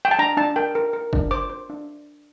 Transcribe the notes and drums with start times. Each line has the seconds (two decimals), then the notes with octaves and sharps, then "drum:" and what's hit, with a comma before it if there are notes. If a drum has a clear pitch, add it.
0.05 G5
0.11 A5
0.19 D4 A#5
0.37 D4 A5
0.56 A#4 G5
0.75 A#4
0.93 A#4
1.13 D4, drum: kick
1.31 C5 D6
1.50 C5
1.70 D4